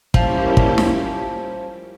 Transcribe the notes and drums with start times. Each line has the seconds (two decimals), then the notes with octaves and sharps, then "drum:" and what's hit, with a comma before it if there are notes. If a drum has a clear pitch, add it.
0.14 F3 G3 A#3 C#4 E4 G4, drum: kick
0.57 drum: kick
0.78 drum: snare